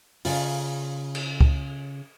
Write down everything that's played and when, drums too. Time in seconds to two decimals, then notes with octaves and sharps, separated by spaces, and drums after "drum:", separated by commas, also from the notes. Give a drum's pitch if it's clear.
0.25 C#3 F4, drum: open hi-hat
1.15 drum: cymbal
1.41 drum: kick C#2